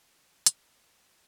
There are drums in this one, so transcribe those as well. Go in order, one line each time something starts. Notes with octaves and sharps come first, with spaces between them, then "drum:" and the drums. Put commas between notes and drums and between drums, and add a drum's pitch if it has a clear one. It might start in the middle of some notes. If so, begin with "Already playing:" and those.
D3
E4
D2, drum: hi-hat
A#4
D#4
C5
F#3